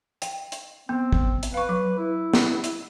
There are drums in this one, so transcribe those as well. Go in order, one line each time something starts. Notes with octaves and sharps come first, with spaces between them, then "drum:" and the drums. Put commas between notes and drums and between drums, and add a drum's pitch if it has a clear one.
G5, drum: hi-hat
drum: hi-hat
B3 C4
drum: kick
drum: hi-hat
B4 F5 C#6
F#3
E4
drum: snare
drum: hi-hat